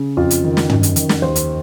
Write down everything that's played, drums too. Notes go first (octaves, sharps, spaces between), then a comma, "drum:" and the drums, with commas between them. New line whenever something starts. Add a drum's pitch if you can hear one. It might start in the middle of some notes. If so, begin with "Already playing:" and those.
Already playing: C#3
F2 F4
drum: hi-hat
D#3
drum: snare
F#2, drum: tom
drum: hi-hat
D#3, drum: hi-hat
drum: snare
D#2 C5
drum: hi-hat